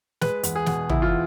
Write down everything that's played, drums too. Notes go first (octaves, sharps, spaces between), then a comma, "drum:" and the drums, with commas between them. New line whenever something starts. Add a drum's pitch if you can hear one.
G#3 B4, drum: snare
E2, drum: hi-hat
G#4
B2, drum: snare
E2 E4, drum: tom
F4